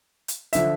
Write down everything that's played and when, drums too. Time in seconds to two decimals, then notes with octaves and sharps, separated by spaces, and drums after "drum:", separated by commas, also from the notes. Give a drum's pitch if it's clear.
0.28 drum: hi-hat
0.53 D3 F3 E5, drum: hi-hat